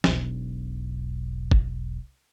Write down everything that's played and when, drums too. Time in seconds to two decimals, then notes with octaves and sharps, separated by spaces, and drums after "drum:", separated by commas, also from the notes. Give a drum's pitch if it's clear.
0.04 E1 B1, drum: snare
1.51 drum: kick